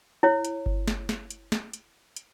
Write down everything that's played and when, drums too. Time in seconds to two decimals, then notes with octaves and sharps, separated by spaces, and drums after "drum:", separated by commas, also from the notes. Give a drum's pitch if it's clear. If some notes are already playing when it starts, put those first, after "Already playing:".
0.23 E4 C#5
0.45 drum: hi-hat
0.66 drum: kick G1
0.88 drum: snare
1.09 drum: snare
1.31 drum: hi-hat
1.52 drum: snare
1.73 drum: hi-hat
2.16 drum: hi-hat